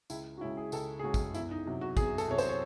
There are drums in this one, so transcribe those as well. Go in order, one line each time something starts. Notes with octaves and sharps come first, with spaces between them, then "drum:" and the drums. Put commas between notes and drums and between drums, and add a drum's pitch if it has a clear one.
C#2 E4, drum: tambourine
F#4
C#3 G#3 C#4 E4
G#4
C#2 A4, drum: tambourine
G#4
C#3 G#3 C#4 F#4
drum: kick, tambourine
E2 E4, drum: tambourine
D#4
C3 F#3
F#4
E2 G#4, drum: kick, tambourine
A4, drum: tambourine
C3 F#3 C#5
C5, drum: tambourine
C#5